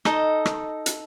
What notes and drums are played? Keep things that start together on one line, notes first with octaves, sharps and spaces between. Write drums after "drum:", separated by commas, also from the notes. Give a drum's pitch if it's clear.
D#4 A4 D#5, drum: rim click
drum: rim click
drum: hi-hat